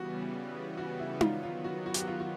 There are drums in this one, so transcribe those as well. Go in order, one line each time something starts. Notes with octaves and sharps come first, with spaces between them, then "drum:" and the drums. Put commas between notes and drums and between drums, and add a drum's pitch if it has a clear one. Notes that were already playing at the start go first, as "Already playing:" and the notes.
Already playing: C#3 E3 G3 B3 F#4
F#4
E4
D#3 F#3 B3 F4, drum: tom D#4
F4
F#4
F#4
G4, drum: hi-hat
F#4
F4
F#4